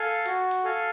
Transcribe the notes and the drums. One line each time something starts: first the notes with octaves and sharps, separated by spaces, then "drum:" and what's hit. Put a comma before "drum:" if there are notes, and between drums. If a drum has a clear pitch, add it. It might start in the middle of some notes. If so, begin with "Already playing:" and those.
Already playing: A4 F5 G#5
F#4, drum: hi-hat
drum: hi-hat
A4 F5 G#5